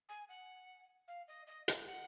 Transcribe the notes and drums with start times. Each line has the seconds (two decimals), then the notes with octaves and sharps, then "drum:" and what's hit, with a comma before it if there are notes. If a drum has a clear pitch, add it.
0.09 G#5
0.29 F#5
1.08 F5
1.28 D#5
1.47 D#5
1.68 drum: hi-hat
1.87 F#5